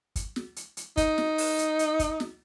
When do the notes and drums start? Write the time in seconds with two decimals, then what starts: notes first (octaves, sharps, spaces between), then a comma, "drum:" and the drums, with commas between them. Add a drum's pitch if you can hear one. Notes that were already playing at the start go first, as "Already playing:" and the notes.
0.16 drum: kick, hi-hat
0.36 drum: snare
0.56 drum: hi-hat
0.77 drum: hi-hat
0.97 D#4, drum: kick, hi-hat
1.18 drum: snare
1.38 drum: open hi-hat
1.59 drum: hi-hat
1.79 drum: hi-hat
1.99 drum: kick, hi-hat
2.20 drum: snare